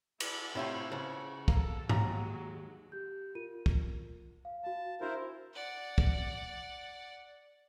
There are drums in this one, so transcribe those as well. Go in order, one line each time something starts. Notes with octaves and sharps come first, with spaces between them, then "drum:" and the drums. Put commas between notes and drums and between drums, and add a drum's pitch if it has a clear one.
E4 D5, drum: cymbal
A2 C3 D#3 E4 F4 C5 C#5
C#3 E3 F3 C#6
A#3 A4, drum: kick
D#2 F#3 G#3 F4 A#5, drum: tom G#2
G4 G6
F4 A#4 D#7
drum: kick
F5
F#4 F5 A5
D4 E4 F#4 A#4 C5
D5 F#5
drum: kick